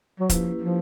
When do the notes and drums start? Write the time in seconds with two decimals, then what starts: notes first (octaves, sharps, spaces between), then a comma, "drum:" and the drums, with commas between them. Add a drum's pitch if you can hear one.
0.20 F#3
0.30 F3 A#3 C#4 E4 G4 B4, drum: kick, hi-hat
0.61 F3